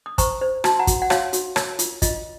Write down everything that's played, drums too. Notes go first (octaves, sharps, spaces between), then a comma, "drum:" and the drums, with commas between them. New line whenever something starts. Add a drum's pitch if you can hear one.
D#6
C5 A#5 C#6, drum: kick, hi-hat
C5
F#4 A5 C6, drum: rim click
F#5 A#5
F#4, drum: kick, hi-hat
F#5
F#4 C#5 F5, drum: rim click
F#4, drum: hi-hat
A#4 C#5, drum: rim click
F4, drum: hi-hat
F4 D#5, drum: kick, hi-hat